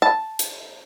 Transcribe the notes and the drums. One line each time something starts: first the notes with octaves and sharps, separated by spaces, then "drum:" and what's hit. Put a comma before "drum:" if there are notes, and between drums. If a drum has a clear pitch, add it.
A5
drum: hi-hat